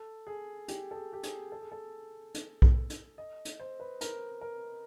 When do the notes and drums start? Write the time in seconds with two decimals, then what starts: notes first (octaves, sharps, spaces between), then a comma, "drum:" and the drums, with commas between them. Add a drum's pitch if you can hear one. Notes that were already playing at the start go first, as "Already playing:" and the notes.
Already playing: A4
0.27 G#4
0.68 G4, drum: hi-hat
0.91 A4
0.95 G#4
1.13 G4
1.23 G#4, drum: hi-hat
1.52 A4
1.61 G#4
1.72 A4
2.34 drum: hi-hat
2.62 drum: kick B1
2.90 drum: hi-hat
3.18 D#5
3.45 drum: hi-hat
3.60 C5
3.80 B4
4.01 A#4, drum: hi-hat
4.41 A#4